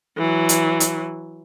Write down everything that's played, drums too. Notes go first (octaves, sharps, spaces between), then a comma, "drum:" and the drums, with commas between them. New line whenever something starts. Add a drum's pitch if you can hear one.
E3 F#3
drum: hi-hat
drum: hi-hat